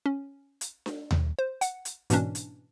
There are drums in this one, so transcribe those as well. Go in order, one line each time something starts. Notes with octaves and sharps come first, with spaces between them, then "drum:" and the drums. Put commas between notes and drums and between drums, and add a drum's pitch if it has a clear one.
C#4
drum: hi-hat
drum: snare D4
drum: tom D#2
C5
F#5, drum: hi-hat
drum: hi-hat
G#2 B2 E3 A#3 C#4 D4, drum: hi-hat
drum: hi-hat